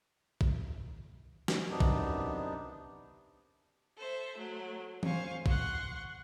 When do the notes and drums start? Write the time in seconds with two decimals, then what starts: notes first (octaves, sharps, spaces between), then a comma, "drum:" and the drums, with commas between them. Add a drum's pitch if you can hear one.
0.41 drum: kick
1.48 drum: snare
1.70 F#2 C3 B3 D4 D#4
1.80 drum: kick
3.97 A4 C5 E5
4.37 F#3 A3
5.03 C5 F5 G#5 C#6, drum: tom E3
5.46 F#5 C6 C#6, drum: kick